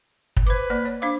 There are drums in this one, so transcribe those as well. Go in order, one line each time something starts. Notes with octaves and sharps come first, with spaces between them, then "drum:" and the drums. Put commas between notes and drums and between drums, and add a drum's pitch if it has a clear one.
drum: kick
B4 C5 D6
A#3 D5
C#5
D4 C5 F5 D6